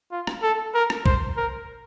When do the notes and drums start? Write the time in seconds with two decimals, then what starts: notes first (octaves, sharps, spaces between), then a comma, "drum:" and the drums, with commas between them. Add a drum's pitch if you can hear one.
0.11 F4
0.27 drum: rim click
0.43 A4
0.74 A#4
0.90 drum: rim click
1.06 C5, drum: kick B1
1.37 A#4